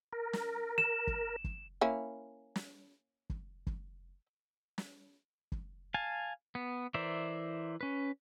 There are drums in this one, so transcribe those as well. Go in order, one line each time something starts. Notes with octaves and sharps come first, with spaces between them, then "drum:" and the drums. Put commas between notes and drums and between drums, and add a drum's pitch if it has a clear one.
A#4
drum: snare
E7
drum: kick
drum: kick
A#3 C#4 E4
drum: snare
drum: kick
drum: kick
drum: snare
drum: kick
F5 G#5 A5
B3
E3 A#4 C5 D5 E5
C#4 B4